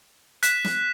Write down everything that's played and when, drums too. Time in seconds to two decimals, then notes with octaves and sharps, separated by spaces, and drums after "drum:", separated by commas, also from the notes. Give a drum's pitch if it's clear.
0.43 F#6 B6 E7, drum: hi-hat
0.64 drum: snare